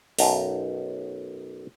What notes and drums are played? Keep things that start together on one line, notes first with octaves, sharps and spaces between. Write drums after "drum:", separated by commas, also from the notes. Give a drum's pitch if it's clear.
B1 F#2 D#4 A5, drum: open hi-hat